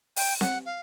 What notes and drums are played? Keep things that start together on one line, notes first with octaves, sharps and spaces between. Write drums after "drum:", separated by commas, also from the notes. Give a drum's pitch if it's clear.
G5, drum: open hi-hat
F#5, drum: snare C4
F5